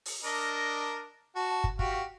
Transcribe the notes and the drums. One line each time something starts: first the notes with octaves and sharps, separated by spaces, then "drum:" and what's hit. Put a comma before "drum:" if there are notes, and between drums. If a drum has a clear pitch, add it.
drum: open hi-hat
D4 A#4 D#5
F#4 A5
drum: kick
F#4 G4 F5, drum: kick